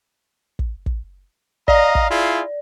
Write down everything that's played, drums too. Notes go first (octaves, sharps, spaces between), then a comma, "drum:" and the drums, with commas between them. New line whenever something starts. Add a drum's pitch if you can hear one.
drum: kick
drum: kick
D5 D#5 F5 A#5, drum: kick
drum: kick
E4 F4 G#4